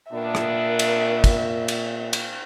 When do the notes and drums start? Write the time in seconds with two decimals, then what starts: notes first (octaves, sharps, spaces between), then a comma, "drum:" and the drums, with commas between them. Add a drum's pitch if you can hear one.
0.12 A#2 D#3 B3 D4 A#4 E5
0.35 drum: rim click
0.79 drum: cymbal
1.24 drum: kick, cymbal
1.68 drum: cymbal
2.13 drum: cymbal